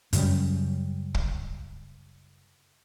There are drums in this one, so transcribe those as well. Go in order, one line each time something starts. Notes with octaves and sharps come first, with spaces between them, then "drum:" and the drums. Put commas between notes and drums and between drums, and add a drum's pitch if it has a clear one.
F#2 C#3 G3, drum: hi-hat
drum: kick